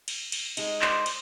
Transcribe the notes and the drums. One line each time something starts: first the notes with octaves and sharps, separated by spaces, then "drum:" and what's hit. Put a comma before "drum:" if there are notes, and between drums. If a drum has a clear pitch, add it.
drum: cymbal
drum: cymbal
G#3 D#4, drum: cymbal
C5 D5, drum: clap
drum: cymbal